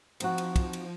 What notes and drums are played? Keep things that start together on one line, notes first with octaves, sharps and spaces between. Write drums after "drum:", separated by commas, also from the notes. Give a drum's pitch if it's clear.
F3 C4 D#4 F#4, drum: cymbal
drum: cymbal
drum: kick, cymbal
drum: cymbal